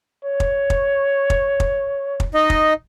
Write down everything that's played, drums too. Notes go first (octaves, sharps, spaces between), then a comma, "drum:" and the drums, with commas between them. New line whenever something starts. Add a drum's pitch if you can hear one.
C#5
drum: kick
drum: kick
drum: kick
drum: kick
drum: kick
D#4 D#5
drum: kick